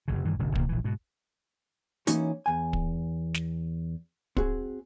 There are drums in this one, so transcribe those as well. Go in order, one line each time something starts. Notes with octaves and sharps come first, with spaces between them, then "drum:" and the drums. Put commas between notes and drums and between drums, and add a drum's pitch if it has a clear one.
F1 A#1 C#3
G2 D#3 E3
E1 A1 D3
C#2 B2 D#3 A#3, drum: kick
A#1 E3
G#2 B2
E3 A#3 C#4 D#4 F#4, drum: hi-hat
E2 G#5
drum: kick
drum: snare
C4 F#4 G#4, drum: kick